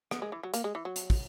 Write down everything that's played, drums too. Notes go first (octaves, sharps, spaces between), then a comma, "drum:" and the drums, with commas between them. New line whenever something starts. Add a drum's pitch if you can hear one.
B3, drum: rim click
G#3
E3
F#3
A#3, drum: hi-hat
G#3
E3
F#3
drum: hi-hat
drum: kick, open hi-hat